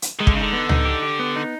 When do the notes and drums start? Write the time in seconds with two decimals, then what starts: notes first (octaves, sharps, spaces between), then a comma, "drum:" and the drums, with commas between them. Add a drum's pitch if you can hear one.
0.02 drum: hi-hat
0.20 D#3 G#3
0.27 D3, drum: kick
0.33 C#3
0.37 D3 D#4
0.53 B3
0.69 D#4, drum: tom C#2
0.85 G4
1.02 G4
1.19 B3
1.36 D#4